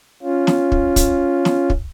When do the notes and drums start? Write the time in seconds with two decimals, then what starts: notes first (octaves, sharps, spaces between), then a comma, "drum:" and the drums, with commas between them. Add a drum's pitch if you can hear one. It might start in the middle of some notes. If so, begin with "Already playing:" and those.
0.23 C#4 F4
0.47 drum: snare
0.72 drum: kick
0.96 drum: kick, hi-hat
1.45 drum: snare
1.70 drum: kick